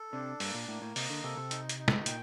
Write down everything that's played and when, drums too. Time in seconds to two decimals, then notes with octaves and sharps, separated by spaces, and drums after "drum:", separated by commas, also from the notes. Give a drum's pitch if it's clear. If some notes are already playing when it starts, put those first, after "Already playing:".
Already playing: A4
0.12 C3 D4
0.40 G2 A#3, drum: open hi-hat
0.54 A#2
0.68 A2 A#3
0.82 A2
0.96 C3 D#5, drum: open hi-hat
1.10 D3
1.23 C3 A4
1.37 C3
1.51 D#4, drum: hi-hat
1.69 drum: hi-hat
1.79 D#4
1.88 drum: snare
2.06 A#2 G5, drum: hi-hat